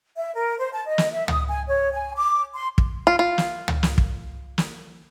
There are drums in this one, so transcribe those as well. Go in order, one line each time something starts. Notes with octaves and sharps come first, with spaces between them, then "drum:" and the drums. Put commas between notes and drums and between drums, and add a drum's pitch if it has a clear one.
E5
A#4
C5
A5
D#5
drum: snare
E5
D#6, drum: tom C#2
G#5
C#5
G#5
D6
C6
drum: kick
F4
F4
drum: snare
drum: tom C#2
drum: snare
drum: kick
drum: snare